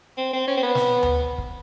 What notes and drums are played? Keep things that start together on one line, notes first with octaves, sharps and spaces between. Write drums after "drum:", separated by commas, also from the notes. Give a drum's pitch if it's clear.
C4
C4
C#4
C4
B3
drum: snare
drum: tom D2
drum: kick